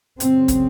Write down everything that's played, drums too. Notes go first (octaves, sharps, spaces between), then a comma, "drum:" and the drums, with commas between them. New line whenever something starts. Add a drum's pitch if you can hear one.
F#2 C#3 C4, drum: hi-hat
drum: kick, hi-hat